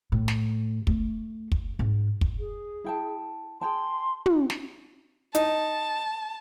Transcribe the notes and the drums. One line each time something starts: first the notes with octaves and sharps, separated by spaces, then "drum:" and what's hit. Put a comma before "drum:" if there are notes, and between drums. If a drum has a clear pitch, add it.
A2
drum: snare
A3, drum: kick
drum: kick
G#2
drum: kick
G#4
E4 G5 A5
G#4 G5 A5 C6
drum: tom
drum: snare
D#4 A5, drum: hi-hat